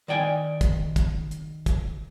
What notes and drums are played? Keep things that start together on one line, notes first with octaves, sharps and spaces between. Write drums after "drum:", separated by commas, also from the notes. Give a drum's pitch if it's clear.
D#3 D5 G5 G#5
drum: kick, hi-hat
drum: kick, hi-hat
drum: hi-hat
drum: kick, hi-hat